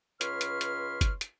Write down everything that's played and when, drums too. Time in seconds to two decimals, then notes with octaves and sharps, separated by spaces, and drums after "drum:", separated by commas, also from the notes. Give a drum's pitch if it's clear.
0.21 C#2 B4 C#5 C6 F6, drum: hi-hat
0.41 drum: hi-hat
0.61 drum: hi-hat
1.01 drum: kick, hi-hat
1.21 drum: hi-hat